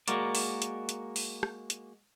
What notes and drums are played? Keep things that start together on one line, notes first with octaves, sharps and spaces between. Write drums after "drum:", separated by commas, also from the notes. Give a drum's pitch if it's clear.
G#3 A#3 F#4 A#4 D5, drum: hi-hat
drum: open hi-hat
drum: hi-hat
drum: hi-hat
drum: open hi-hat
drum: rim click
drum: hi-hat